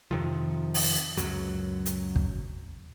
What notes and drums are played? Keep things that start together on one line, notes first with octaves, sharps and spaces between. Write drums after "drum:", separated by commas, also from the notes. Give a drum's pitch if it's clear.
F2 C3 D#3 F3
drum: open hi-hat
C#2 F#2 F#3, drum: hi-hat
drum: hi-hat
drum: kick